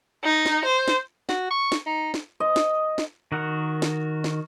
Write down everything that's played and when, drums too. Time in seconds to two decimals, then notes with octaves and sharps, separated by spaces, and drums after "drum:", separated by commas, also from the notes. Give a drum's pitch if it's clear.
0.24 D#4
0.46 drum: snare
0.65 C5
0.88 drum: snare
1.29 F#4, drum: snare
1.51 C#6
1.72 drum: snare
1.86 D#4
2.14 drum: snare
2.40 D#5
2.56 drum: snare
2.98 drum: snare
3.32 D#3 F#4 A#4 F#5
3.82 drum: snare
4.24 drum: snare